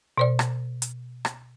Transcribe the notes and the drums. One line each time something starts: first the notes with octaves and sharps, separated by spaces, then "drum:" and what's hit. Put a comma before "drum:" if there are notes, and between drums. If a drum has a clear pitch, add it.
B2 C5 D5
drum: rim click
drum: hi-hat
drum: rim click